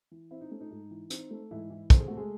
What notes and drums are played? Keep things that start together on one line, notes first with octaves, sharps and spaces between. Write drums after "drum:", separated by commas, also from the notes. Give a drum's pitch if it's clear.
E3
C4 E4
D#4
A3 C#4
D#4
G#2 D#4
E3
C4 D#4, drum: hi-hat
A3
G#2 E3 E4
E3
C4 A4, drum: kick, hi-hat
G#4
A3 F#4
G#3 G#4